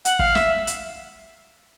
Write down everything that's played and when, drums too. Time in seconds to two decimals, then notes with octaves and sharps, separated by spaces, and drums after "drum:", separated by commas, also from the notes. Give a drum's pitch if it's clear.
0.05 F#5, drum: hi-hat
0.19 F5, drum: kick
0.35 E5, drum: snare
0.67 drum: hi-hat